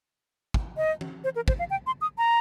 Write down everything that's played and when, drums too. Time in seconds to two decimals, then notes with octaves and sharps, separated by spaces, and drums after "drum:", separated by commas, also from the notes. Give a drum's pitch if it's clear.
0.54 drum: kick
0.77 D#5
1.01 drum: tom E3
1.24 C5
1.36 A#4
1.48 C5, drum: kick
1.59 F5
1.70 G5
1.87 C6
2.01 D#6
2.18 A#5